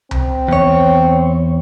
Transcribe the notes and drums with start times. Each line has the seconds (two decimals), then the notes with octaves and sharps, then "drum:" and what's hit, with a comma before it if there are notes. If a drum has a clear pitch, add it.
0.11 C4, drum: tom C2
0.48 E2 C#5